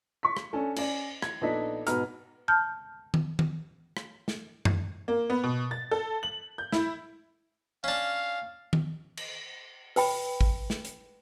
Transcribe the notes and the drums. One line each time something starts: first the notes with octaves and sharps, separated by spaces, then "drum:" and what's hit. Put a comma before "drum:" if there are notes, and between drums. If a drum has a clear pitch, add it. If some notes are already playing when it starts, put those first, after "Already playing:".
C#6 B6
drum: rim click
C#4 D4 A4
C#4 D5, drum: cymbal
G#6, drum: rim click
A#1 B3 D4 D#4 A4 B6
G#2 B2 F#4 B4 A#5 F6, drum: hi-hat
A5 F6 G6
drum: tom D#3
drum: tom D#3
drum: rim click
drum: snare
drum: tom F#2
A#3
B3
B2
A6
A4
F#7
G6
E4, drum: snare
C#4 D4 F5
drum: tom D#3
drum: cymbal
B4 G5 B5, drum: open hi-hat
drum: kick A1
drum: snare
drum: hi-hat